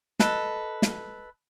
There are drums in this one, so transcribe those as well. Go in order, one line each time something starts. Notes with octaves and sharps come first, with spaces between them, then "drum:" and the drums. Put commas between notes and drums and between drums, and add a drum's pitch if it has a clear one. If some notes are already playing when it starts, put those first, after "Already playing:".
A4 B4 D#5, drum: snare
drum: snare